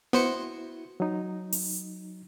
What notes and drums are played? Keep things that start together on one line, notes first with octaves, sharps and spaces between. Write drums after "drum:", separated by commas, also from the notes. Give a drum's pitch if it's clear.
B3 E4 F#4 C5 C#7
F#3 D#4
drum: open hi-hat